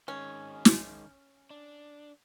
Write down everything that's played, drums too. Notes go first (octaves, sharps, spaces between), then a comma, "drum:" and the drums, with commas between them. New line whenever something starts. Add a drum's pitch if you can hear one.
D#3 G#3 C#4
drum: snare
D4